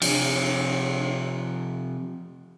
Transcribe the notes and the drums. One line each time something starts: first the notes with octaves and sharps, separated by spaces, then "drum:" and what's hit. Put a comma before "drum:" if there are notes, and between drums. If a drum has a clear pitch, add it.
C3 F3, drum: cymbal